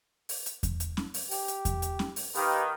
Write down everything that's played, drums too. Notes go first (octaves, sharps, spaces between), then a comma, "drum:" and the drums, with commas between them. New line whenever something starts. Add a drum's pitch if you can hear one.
drum: open hi-hat
drum: hi-hat
drum: kick E2, hi-hat
drum: hi-hat
drum: snare C#4
drum: open hi-hat
G4, drum: open hi-hat
drum: hi-hat
drum: kick E2, hi-hat
drum: hi-hat
drum: snare C#4
drum: open hi-hat
D#3 G4 B4 F5, drum: open hi-hat